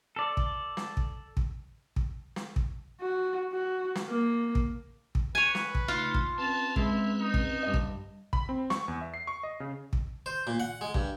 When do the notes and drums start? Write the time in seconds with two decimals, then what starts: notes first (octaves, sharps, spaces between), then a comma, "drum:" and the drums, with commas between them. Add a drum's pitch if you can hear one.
0.16 A4 D5
0.37 drum: kick
0.77 drum: snare
0.97 drum: kick
1.37 drum: kick
1.96 drum: kick
2.36 drum: snare
2.56 drum: kick
3.00 F#4
3.52 F#4
3.95 drum: snare
4.08 A#3
4.55 drum: kick
5.15 drum: kick
5.35 B4 C#5 G#5
5.55 drum: snare
5.75 drum: kick
5.88 C#3 A3 D#4 F4
6.14 drum: kick
6.38 C4 C#4 B4 A5
6.76 G#3 E4, drum: kick
7.20 D#4
7.34 drum: kick
7.63 G2 D#5
7.74 drum: kick
8.33 B5, drum: kick
8.49 C4
8.70 C#6, drum: snare
8.88 E2
9.01 E5
9.14 C7
9.27 C#6
9.43 D#5
9.60 C#3
9.93 drum: kick
10.26 C5
10.47 A#2
10.60 F#5
10.81 G#3
10.94 G2, drum: kick